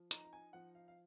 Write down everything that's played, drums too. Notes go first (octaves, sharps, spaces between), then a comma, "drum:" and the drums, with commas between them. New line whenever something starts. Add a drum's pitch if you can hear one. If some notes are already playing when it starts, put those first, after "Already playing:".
Already playing: F3
D#4 A#5, drum: hi-hat
A#5
G#5
F3 F#5
F5
F5